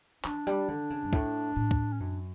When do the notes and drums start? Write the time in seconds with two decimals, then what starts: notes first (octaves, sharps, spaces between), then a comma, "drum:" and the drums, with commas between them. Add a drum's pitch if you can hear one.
0.24 E3 D4, drum: clap
0.47 G3
0.68 D3
0.90 C#3
1.03 G2
1.13 A2, drum: kick
1.56 A2
1.71 drum: kick
1.93 C#4
2.00 F#2 D4